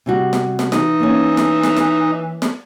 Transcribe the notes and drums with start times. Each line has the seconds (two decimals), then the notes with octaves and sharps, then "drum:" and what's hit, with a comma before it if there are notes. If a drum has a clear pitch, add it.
0.06 C3 G3 F#4
0.33 drum: snare
0.59 drum: snare
0.72 E3 D#4, drum: snare
1.00 A#3 C#4
1.37 drum: snare
1.64 drum: snare
1.77 drum: snare
2.42 drum: snare